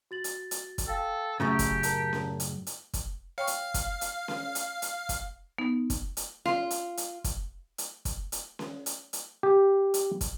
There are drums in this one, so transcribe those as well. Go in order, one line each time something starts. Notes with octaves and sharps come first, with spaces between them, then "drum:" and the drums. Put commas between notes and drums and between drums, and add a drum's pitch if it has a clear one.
F#4 A6 F#7
drum: hi-hat
drum: hi-hat
drum: kick, hi-hat
A4 F5 G5
F#2 A2 C#3 G4 A#5 C#6 E6
drum: kick, hi-hat
A#4 A5 A#5, drum: hi-hat
drum: snare C#4
drum: hi-hat
drum: hi-hat
drum: kick, hi-hat
C#5 F5 G5 C#6
drum: hi-hat
drum: kick, hi-hat
drum: hi-hat
drum: snare C#4
drum: hi-hat
drum: hi-hat
drum: kick, hi-hat
B3 D#4
drum: kick, hi-hat
drum: hi-hat
F4, drum: snare C#4
drum: hi-hat
drum: hi-hat
drum: kick, hi-hat
drum: hi-hat
drum: kick, hi-hat
drum: hi-hat
drum: snare C#4
drum: hi-hat
drum: hi-hat
G4
drum: hi-hat
drum: kick, hi-hat